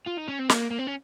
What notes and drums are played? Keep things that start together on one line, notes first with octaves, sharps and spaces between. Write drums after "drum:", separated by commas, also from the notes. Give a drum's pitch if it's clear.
F4
D#4
C#4
C4
A#3, drum: snare
A#3
C4
C#4